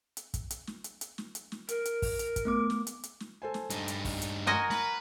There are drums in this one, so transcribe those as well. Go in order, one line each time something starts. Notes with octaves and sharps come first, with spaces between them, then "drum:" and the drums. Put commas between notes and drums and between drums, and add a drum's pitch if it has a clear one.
drum: hi-hat
drum: kick, hi-hat
drum: hi-hat
drum: snare
drum: hi-hat
drum: hi-hat
drum: snare
drum: hi-hat
drum: snare
A#4, drum: hi-hat
drum: hi-hat
drum: kick, open hi-hat
drum: hi-hat
drum: kick, hi-hat
A3 B3 D6
drum: snare
drum: hi-hat
drum: hi-hat
drum: snare
A4 C5 G#5
drum: snare
G2 D#4, drum: hi-hat
drum: hi-hat
drum: kick, open hi-hat
drum: hi-hat
F#4 A#4 D#5 G#5 C6 A#6 C#7
B4, drum: snare